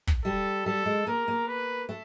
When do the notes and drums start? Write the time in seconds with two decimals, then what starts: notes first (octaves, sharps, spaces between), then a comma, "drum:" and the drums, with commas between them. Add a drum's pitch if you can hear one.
0.07 drum: kick
0.24 G3 A4
0.66 G3 A4
0.86 G#3
1.07 A#3 A#4
1.28 A#3
1.48 B4
1.89 A3